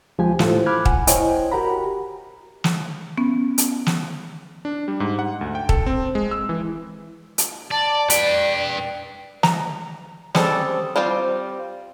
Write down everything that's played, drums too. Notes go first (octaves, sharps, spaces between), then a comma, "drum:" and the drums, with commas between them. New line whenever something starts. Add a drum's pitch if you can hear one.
D2 F3 G#3 G4 G#5
A2 E4 F4 A4 C5, drum: snare
B5 D6 F6 F#6 G#6
F#5 G#5, drum: kick
E4 C5 C#5 D#5 G5 G#5, drum: hi-hat
F#4 G4 A#4 F#5 A#5 B5
drum: snare
B3 C#4
drum: hi-hat
drum: snare
D4
G3
G#2
F#5
D2
G5
A4, drum: kick
C4
G#3
E6
E3
drum: hi-hat
D5 A5
B4 D5 G5, drum: hi-hat
A#5, drum: snare
G3 C4 C#4 G#4 A4, drum: snare
G3 C4 F4 C5